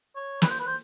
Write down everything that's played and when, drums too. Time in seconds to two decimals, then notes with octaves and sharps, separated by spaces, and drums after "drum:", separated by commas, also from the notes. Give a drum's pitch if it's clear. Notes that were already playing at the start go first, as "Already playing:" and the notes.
0.16 C#5
0.42 B4, drum: snare
0.50 C5
0.59 B4
0.67 C5